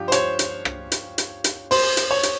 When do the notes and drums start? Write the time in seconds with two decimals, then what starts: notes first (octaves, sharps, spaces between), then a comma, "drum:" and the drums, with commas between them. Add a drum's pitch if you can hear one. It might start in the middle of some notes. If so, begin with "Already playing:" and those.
Already playing: G2 F3 F4 G4
0.08 C5
0.12 C#5, drum: hi-hat
0.39 drum: hi-hat
0.65 drum: rim click
0.92 drum: hi-hat
1.18 drum: hi-hat
1.44 drum: hi-hat
1.71 C5, drum: open hi-hat
1.97 drum: hi-hat
2.11 C#5
2.23 drum: hi-hat